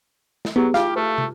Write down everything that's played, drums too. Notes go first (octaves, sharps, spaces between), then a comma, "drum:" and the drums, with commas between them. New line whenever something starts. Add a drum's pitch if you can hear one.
drum: snare
F#3 B3 E4 G4 G#4
D#4 F4 G4 F5 D6, drum: snare
A3 B4 A5
drum: tom